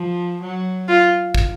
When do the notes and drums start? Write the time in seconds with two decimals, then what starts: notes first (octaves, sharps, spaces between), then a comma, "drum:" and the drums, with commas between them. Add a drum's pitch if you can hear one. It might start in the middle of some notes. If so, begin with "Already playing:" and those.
Already playing: F3
0.41 F#3
0.88 F4
1.35 drum: kick